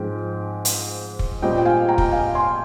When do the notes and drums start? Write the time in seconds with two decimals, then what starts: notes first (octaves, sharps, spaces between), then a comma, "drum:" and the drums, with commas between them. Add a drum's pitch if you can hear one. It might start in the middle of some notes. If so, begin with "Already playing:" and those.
Already playing: G#2 F3 G#3 C4 G5
0.65 drum: hi-hat
1.19 drum: kick
1.42 A#2 G3 C4 D#5 G5
1.58 G5
1.65 F5 G#5
1.88 G5 A#5
1.98 drum: kick
2.11 F5 G#5
2.35 G#5 C6